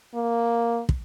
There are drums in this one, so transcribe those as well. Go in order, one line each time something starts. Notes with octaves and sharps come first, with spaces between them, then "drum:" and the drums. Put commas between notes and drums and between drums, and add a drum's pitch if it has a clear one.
A#3
drum: kick